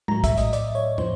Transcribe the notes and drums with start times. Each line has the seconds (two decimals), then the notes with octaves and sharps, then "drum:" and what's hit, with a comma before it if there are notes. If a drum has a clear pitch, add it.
0.08 A2 F#3 A#5, drum: tom
0.24 E5, drum: kick, hi-hat
0.38 D#5, drum: hi-hat
0.53 D5, drum: hi-hat
0.75 C#5
0.98 A2 F3 C5, drum: tom